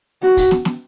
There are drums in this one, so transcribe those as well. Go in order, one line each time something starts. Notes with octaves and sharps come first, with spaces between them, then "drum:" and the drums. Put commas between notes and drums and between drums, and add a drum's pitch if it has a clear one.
F#4
drum: kick, open hi-hat
drum: snare
drum: snare